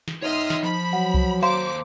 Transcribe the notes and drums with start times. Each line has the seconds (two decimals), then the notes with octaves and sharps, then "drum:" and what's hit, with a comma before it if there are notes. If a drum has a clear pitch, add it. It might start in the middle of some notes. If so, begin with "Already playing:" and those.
0.08 drum: snare
0.23 D#4 C#5 E5 C6 D#6 F6
0.50 drum: snare
0.63 F3 B5
0.93 F#3 F#5
1.14 drum: kick C2
1.43 D#2 C5 F5 A#5 C6 D6